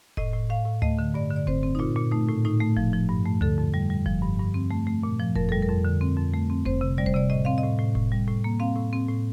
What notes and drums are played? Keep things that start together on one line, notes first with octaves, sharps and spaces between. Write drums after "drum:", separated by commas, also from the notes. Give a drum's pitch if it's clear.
A2 D#5, drum: kick F1
A2
A2 F5
A2
A3 D#5, drum: tom D2
D3
G2 D5
D3
D5
C4 C5, drum: kick F1
C4
D#4
A#2 F4
A#2
A3 D#4
A2
A2 D#4
A3
F3, drum: kick F1
F3
G2
A3
D3 A4, drum: tom D2
F2
G3
G3
F3, drum: kick F1
G2
G2
C4
A3
A3
A#2
F3
F2 A#4, drum: kick F1
G3 A4
A#4
F2
D3
C4
F2
A3
C4
C4 C5, drum: kick F1
C3
G3 D5
C5, drum: kick F1
C3 D5
A2 D#5
C4 F5
D#5
A2
A2
A2, drum: kick F1
G3
A2
A#3
C4 F5
A2
C4
A2